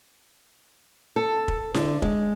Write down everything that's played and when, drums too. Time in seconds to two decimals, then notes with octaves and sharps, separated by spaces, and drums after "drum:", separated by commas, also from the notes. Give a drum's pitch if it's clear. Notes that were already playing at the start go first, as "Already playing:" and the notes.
1.16 A4
1.48 drum: kick
1.74 D3, drum: snare E4
2.02 G#3, drum: kick